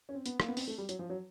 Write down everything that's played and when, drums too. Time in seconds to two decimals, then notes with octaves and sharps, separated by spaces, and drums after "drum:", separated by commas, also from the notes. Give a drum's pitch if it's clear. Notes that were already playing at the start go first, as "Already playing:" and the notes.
0.09 C#4
0.15 C4
0.26 B3, drum: hi-hat
0.40 A#3, drum: rim click
0.48 B3
0.57 C4, drum: open hi-hat
0.68 A3
0.78 G3
0.89 F#3, drum: hi-hat
0.99 F3
1.10 F#3